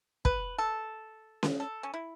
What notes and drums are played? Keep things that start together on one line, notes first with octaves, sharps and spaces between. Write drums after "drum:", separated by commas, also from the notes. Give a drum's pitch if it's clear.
B4, drum: kick
A4
drum: snare C#4
A4
C#4
E4